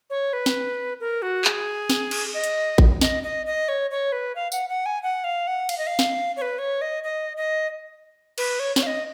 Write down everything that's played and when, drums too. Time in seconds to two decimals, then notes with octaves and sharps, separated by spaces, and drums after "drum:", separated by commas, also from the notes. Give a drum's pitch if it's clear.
0.10 C#5
0.33 B4
0.46 drum: snare
1.00 A#4
1.22 F#4
1.45 G#4, drum: clap
1.90 drum: snare
2.11 drum: cymbal
2.34 D#5
2.44 drum: hi-hat
2.78 drum: kick A1
3.01 D#5, drum: snare
3.23 D#5
3.46 D#5
3.68 C#5
3.91 C#5
4.12 B4
4.36 F5
4.52 F#5, drum: tambourine
4.69 F#5
4.86 G#5
5.03 F#5
5.24 F5
5.47 F#5
5.69 F5, drum: cymbal
5.78 D#5
5.87 F5
5.99 drum: snare
6.37 C#5
6.41 B4
6.58 C#5
6.81 D#5
7.03 D#5
7.37 D#5
8.38 B4, drum: cymbal
8.59 C#5
8.76 C#5, drum: snare
8.83 F5
8.87 D#5